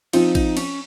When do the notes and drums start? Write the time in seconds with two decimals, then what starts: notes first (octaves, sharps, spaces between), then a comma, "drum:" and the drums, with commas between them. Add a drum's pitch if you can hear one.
0.13 F3 C4 D#4 F4, drum: cymbal
0.35 D#4, drum: kick, cymbal
0.57 C#4, drum: cymbal